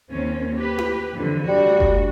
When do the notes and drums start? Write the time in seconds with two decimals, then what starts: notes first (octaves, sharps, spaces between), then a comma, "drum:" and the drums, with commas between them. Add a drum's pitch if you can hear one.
0.11 D#2 C4 C#4
0.54 G4 B4
0.78 drum: tom E4
1.13 F2 D3 E3
1.48 G3 A3 D4 F#4
1.80 drum: kick F#1